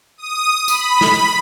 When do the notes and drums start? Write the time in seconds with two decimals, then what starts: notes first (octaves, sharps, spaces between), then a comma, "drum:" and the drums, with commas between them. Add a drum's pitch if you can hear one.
0.18 D#6
0.68 B5, drum: tambourine
1.01 drum: snare